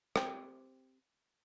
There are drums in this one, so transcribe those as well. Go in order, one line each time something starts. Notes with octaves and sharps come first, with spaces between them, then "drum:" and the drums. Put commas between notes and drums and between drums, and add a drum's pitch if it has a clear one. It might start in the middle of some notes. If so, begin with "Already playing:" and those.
C4 G4, drum: rim click